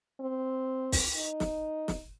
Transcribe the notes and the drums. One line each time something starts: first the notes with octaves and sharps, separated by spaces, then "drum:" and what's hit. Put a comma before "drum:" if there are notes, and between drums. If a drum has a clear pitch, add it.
C4
drum: kick, open hi-hat
D#4
drum: snare
drum: snare